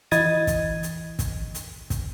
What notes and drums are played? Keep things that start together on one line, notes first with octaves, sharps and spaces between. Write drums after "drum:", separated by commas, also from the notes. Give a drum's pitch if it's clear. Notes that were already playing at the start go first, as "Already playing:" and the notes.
E3 D#5 G#6 A6 D#7, drum: hi-hat
drum: kick, hi-hat
drum: hi-hat
drum: kick, hi-hat
drum: hi-hat
drum: kick, hi-hat